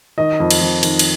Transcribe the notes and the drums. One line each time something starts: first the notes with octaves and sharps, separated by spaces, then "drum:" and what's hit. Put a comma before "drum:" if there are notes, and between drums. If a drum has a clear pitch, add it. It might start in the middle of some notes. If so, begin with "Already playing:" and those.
D#3 D#5
F2
drum: cymbal
F2
D#3, drum: cymbal
drum: cymbal